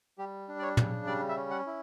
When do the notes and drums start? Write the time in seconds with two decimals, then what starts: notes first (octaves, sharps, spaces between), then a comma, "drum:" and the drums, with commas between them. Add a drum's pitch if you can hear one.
0.18 G3 G4
0.49 D4
0.59 D5
0.62 C#5
0.77 C#3, drum: tom
1.07 G3 D5
1.29 E5
1.36 C#4
1.51 F#5
1.67 E4